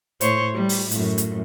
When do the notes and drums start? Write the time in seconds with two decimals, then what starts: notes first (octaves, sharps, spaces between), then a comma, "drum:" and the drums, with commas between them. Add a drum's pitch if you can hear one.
0.21 A2 C5 C#5, drum: hi-hat
0.54 G3
0.69 drum: open hi-hat
0.91 F#2 A2, drum: hi-hat
1.18 drum: hi-hat